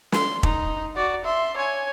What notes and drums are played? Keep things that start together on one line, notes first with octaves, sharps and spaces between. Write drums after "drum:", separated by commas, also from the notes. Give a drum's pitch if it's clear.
C6, drum: snare
D#4, drum: kick
F#4 D5
E5 C6
C#5 G#5